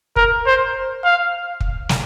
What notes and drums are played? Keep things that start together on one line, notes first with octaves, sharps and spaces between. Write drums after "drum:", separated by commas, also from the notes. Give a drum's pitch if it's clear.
A#4, drum: kick
C5
F5
drum: kick
drum: snare